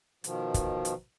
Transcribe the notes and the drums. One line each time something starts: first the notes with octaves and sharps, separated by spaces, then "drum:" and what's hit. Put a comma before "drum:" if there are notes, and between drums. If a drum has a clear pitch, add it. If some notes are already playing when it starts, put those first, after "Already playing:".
B2 D#3 F3, drum: hi-hat
drum: kick, hi-hat
drum: hi-hat